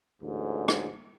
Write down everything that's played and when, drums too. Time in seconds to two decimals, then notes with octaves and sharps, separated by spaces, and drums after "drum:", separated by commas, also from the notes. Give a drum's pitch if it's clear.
0.21 A1 D2 G#2
0.68 drum: rim click